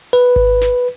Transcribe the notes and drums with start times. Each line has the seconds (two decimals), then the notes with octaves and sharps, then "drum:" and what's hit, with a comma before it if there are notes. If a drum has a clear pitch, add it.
0.13 B4, drum: hi-hat
0.36 drum: kick G#1
0.61 drum: snare